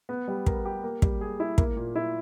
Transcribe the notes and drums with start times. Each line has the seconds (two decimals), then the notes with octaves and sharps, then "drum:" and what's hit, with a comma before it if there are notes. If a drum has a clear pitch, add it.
0.09 B3
0.28 G3
0.47 A#4, drum: kick
0.65 G4
0.84 A#3
1.02 G3, drum: kick
1.21 G#4
1.40 E4
1.58 A#3, drum: kick
1.77 A#2
1.96 E4